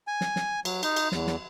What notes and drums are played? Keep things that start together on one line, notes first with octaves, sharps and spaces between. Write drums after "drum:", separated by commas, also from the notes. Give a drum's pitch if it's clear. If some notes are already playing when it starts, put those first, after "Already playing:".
G#5
drum: snare
drum: snare
F#3, drum: cymbal
D#4, drum: cymbal
drum: cymbal
E2, drum: snare
drum: snare